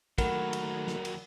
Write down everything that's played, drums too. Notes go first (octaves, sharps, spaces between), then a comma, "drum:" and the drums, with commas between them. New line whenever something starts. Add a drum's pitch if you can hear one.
D#2 D#3 F#3 A3 A#4 F#5 B5, drum: kick, cymbal
drum: cymbal
drum: snare
drum: cymbal